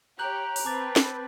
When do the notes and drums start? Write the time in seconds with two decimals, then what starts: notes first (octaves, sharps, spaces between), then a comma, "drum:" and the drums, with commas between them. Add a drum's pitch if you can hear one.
0.19 G4 C#5 A#5 F#6 G6 F#7
0.56 drum: open hi-hat
0.65 C4 B4 A5 D6 A6
0.96 drum: snare